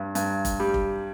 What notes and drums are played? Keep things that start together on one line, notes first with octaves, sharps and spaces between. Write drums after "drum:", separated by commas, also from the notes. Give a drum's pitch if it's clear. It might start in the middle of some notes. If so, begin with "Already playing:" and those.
Already playing: G2
G2, drum: hi-hat
drum: kick F1, hi-hat
G3
drum: kick F1